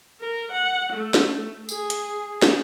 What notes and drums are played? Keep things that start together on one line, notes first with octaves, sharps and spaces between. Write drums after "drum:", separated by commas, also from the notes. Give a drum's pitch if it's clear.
A#4
F#5
A3
drum: snare
G#4, drum: tambourine
drum: hi-hat
drum: snare